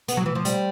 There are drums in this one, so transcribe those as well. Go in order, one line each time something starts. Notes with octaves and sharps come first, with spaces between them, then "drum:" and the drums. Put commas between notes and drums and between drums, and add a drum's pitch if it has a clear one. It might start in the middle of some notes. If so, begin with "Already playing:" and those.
B3, drum: hi-hat
F#3
E3
F3
G3, drum: hi-hat